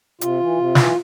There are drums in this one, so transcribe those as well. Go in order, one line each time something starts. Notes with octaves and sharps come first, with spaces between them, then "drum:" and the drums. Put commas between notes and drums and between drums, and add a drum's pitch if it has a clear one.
C3 F4, drum: hi-hat
E3
C3
E3, drum: snare